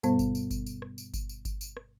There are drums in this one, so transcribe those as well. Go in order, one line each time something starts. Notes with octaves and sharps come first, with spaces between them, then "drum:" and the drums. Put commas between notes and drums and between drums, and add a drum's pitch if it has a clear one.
G2 B2 G3 B3 C5, drum: tambourine
drum: kick G1, tambourine
drum: tambourine
drum: kick G1, tambourine
drum: tambourine
drum: rim click
drum: tambourine
drum: kick G1, tambourine
drum: tambourine
drum: kick G1, tambourine
drum: tambourine
drum: rim click